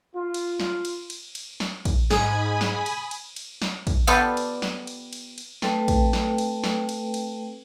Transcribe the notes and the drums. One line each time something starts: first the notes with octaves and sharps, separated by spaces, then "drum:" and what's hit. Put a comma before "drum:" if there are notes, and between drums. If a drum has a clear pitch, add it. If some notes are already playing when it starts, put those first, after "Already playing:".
F4
drum: cymbal
drum: snare
drum: cymbal
drum: cymbal
drum: cymbal
drum: snare
drum: kick, cymbal
G#2 G#4 G#5 B5 D#6, drum: snare
drum: snare
drum: cymbal
drum: cymbal
drum: cymbal
drum: snare
drum: kick, cymbal
B3 F4 G4 A4 B4 D5
drum: cymbal
drum: snare
drum: cymbal
drum: cymbal
drum: cymbal
A3 C4 A4 B4 G5, drum: snare
drum: kick, cymbal
drum: snare
drum: cymbal
drum: snare
drum: cymbal
drum: cymbal